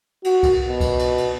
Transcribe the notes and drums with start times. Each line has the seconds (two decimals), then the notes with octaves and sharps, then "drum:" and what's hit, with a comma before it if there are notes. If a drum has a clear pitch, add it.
0.24 F#4, drum: cymbal
0.43 drum: kick C2, cymbal
0.68 B2
0.80 drum: kick C2, cymbal
0.99 drum: cymbal
1.18 drum: cymbal